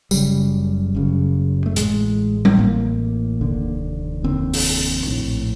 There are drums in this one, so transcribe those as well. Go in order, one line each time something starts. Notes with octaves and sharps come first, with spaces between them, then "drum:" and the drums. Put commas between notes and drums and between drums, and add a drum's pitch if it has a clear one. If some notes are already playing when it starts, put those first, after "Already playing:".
F#1 F#2 C#3 G3, drum: tambourine
F#1 F#2 C#3
A3
A1 A2 G#3, drum: hi-hat
drum: tom G3
A1 A2 A#3
F1 D#2 D3
F1 D#2 D3 C4
drum: open hi-hat
A#1 A2